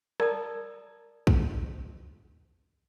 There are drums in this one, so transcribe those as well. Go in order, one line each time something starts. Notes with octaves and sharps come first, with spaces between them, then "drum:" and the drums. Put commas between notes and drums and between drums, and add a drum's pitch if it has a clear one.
A#4 D5 A5 A#5 D#6, drum: rim click
drum: kick